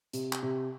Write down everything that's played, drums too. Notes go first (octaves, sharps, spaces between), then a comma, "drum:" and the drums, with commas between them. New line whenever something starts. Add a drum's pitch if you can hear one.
C3, drum: hi-hat
drum: clap
C3